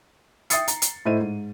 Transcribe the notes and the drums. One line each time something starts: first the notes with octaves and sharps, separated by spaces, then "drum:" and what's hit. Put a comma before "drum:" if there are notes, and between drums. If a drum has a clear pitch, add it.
E5 G5 D#6 A6 C7 C#7, drum: hi-hat
A#5, drum: hi-hat
drum: hi-hat
A2 E4 A4 C5 D#5 D#7
G#2